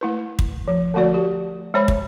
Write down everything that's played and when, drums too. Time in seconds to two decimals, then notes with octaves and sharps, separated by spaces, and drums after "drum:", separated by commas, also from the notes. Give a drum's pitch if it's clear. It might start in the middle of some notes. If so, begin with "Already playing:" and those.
0.01 A3 E4 B4
0.39 drum: kick
0.68 F3
0.94 D3 F3 A3 F#4 D5
1.14 G4
1.74 G#3 C5 C#5 B5
1.88 drum: kick